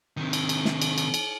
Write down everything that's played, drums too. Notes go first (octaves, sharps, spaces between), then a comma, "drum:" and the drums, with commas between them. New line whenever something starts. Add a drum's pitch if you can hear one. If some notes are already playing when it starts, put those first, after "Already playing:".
C3 D#3
drum: cymbal
drum: cymbal
drum: snare
drum: cymbal
drum: cymbal
drum: cymbal